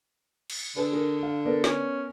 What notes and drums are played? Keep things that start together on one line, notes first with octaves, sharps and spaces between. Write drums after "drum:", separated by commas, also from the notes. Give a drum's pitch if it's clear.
drum: cymbal
D3 G#4 B4
D4 G#4 A#4
F5
B3 A4 A#4 D5
C#4, drum: snare